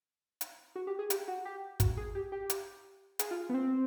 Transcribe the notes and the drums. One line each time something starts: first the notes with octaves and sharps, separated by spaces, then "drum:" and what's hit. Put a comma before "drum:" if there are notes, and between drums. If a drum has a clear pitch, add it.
drum: hi-hat
F#4
G4
G#4
G4, drum: hi-hat
F#4
G4
F#4, drum: kick, hi-hat
G#4
G4
G4
drum: hi-hat
G#4, drum: hi-hat
F4
B3
C4